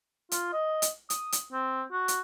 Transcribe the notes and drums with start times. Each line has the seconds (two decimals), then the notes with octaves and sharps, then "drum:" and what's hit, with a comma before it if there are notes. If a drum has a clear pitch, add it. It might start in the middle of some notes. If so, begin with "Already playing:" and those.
0.32 F4, drum: hi-hat
0.53 D#5
0.82 drum: hi-hat
1.10 D#6, drum: hi-hat
1.32 drum: hi-hat
1.53 C4
1.92 F#4
2.08 drum: hi-hat